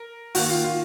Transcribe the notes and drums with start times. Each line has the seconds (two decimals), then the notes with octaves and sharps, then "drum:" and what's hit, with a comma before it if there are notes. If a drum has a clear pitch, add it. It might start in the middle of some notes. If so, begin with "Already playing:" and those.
Already playing: A#4
0.35 D#3 A#3 F#4, drum: open hi-hat
0.50 F4
0.64 F4